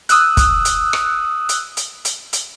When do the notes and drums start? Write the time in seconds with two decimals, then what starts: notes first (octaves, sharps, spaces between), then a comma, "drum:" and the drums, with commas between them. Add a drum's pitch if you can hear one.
0.09 D#6 E6 F#6, drum: hi-hat
0.37 drum: kick, hi-hat
0.65 drum: hi-hat
0.93 drum: rim click
1.49 drum: hi-hat
1.77 drum: hi-hat
2.05 drum: hi-hat
2.33 drum: hi-hat